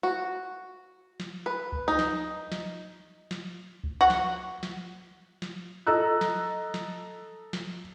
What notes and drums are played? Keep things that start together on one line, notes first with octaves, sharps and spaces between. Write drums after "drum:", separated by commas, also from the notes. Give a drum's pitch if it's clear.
F#4
drum: snare
B4
drum: kick C#2
D#4
drum: snare
drum: snare
drum: snare
drum: kick C#2
F#4
drum: snare
drum: snare
drum: snare
A4 D#5 A#5 E6 F#6
drum: snare
drum: snare
drum: snare